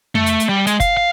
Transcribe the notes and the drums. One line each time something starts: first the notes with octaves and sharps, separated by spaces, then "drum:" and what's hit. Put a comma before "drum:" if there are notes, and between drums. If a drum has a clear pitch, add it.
A3, drum: tom F2
drum: hi-hat
drum: hi-hat
G3
G#3, drum: hi-hat
F5, drum: kick F#1, hi-hat
F5